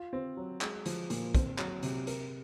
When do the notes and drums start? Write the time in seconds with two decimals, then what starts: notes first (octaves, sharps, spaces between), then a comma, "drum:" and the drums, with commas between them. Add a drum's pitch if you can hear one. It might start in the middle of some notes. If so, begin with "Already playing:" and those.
Already playing: F4
0.13 C4
0.37 F#3
0.61 G#3, drum: clap
0.86 F3, drum: hi-hat
1.10 A#2, drum: hi-hat
1.35 C4, drum: kick, hi-hat
1.58 F#3, drum: clap
1.83 C3, drum: hi-hat
2.07 A#4, drum: hi-hat